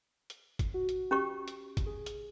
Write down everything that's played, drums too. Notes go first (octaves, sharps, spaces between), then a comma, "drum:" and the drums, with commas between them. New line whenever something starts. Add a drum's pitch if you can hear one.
drum: hi-hat
drum: kick, hi-hat
F#4
drum: hi-hat
C#4 G4 C#6
drum: hi-hat
drum: kick, hi-hat
G#4
drum: hi-hat